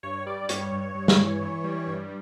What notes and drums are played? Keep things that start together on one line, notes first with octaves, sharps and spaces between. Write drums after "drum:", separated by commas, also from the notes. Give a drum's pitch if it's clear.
G2 C#5
G3 D5
G2 C#5, drum: hi-hat
G2
G2
drum: snare
E3
E3
G3
G2